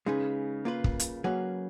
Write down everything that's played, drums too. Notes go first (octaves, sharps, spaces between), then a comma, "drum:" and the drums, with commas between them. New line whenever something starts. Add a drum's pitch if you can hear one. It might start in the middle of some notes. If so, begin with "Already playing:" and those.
C#3 G#3 D#4 G#4 B4
A#3 F4 B4
drum: kick
drum: hi-hat
F#3 A#3 C#4 G#4 B4